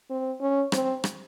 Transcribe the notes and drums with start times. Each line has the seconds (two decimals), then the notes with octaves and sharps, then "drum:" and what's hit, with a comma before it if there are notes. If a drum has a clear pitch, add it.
0.10 C4
0.41 C#4
0.72 C4, drum: rim click
1.04 drum: rim click